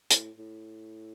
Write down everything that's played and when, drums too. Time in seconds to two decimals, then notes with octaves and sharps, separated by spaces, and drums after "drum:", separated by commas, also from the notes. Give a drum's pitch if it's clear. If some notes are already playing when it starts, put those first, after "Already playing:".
0.10 A2, drum: hi-hat
0.39 A2